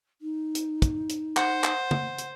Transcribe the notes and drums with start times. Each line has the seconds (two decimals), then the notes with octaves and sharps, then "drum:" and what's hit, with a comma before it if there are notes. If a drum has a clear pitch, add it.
0.21 D#4
0.55 drum: hi-hat
0.82 drum: kick, hi-hat
1.09 drum: hi-hat
1.37 C5 F#5, drum: clap
1.64 drum: clap
1.91 drum: tom C#3
2.18 drum: hi-hat